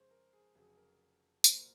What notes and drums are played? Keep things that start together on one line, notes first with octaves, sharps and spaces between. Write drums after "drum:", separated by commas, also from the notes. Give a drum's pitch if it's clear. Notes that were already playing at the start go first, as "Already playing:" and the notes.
Already playing: F2 C#3 G#3 C5 C#5
A#4
G#4
F1 F2 C#3 F#3 G#4
A#4
C2 A#2 F#3 C5, drum: tambourine
A#4